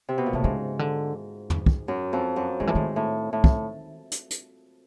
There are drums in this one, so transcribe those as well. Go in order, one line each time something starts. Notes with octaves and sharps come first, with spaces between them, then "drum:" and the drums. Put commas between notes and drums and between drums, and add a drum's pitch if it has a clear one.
C3
B2
A#2
A2 C3
G#2 C#3
D3
drum: tom
drum: kick
F#2
F2
F#2
G#2 D#3
A2 E3
G#2 D#3
A2
A2
drum: kick
drum: hi-hat
drum: hi-hat